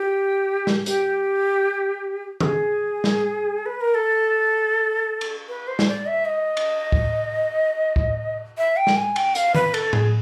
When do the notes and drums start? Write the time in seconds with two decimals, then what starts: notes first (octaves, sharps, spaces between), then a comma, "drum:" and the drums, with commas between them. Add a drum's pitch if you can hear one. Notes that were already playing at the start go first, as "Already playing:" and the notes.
Already playing: G4
0.67 drum: snare
0.86 G4, drum: hi-hat
2.41 A4, drum: tom D#3
2.44 G#4
3.04 drum: snare
3.66 B4
3.81 A#4
3.95 A4
5.21 drum: cymbal
5.49 B4
5.68 C5
5.79 drum: snare
5.88 D5
6.07 E5
6.25 D#5
6.57 drum: cymbal
6.92 drum: kick
7.96 drum: kick
8.58 E5
8.77 G5
8.87 drum: snare
8.96 G#5
9.16 G5, drum: cymbal
9.35 F5, drum: hi-hat
9.55 B4, drum: tom D#3
9.74 A4, drum: cymbal
9.93 G#4, drum: tom A2